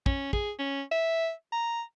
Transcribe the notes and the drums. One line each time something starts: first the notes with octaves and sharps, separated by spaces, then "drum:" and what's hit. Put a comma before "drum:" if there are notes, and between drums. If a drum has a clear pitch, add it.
C#4, drum: kick
G#4, drum: kick
C#4
E5
A#5